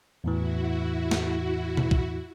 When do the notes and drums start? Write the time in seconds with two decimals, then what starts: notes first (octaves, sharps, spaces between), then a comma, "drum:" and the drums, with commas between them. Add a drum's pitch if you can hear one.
0.24 E2 A2 E3 E4 F#4
1.11 drum: snare
1.77 drum: tom B2
1.91 drum: kick